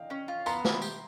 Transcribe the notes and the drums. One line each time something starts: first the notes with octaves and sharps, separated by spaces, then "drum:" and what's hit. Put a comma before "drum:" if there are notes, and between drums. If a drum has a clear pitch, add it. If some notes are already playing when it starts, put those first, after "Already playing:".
Already playing: D#5 F5 G5
C#4
F4
B3 A#5 C6, drum: tambourine
E4, drum: snare
G4, drum: tambourine